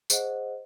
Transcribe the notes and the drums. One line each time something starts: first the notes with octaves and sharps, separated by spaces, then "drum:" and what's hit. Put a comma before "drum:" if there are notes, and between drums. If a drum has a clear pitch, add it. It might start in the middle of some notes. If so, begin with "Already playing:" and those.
G#4 C5 D#5 F#5, drum: tambourine